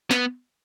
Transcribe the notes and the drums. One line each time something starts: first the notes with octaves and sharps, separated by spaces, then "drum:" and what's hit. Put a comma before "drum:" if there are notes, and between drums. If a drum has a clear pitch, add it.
B3, drum: snare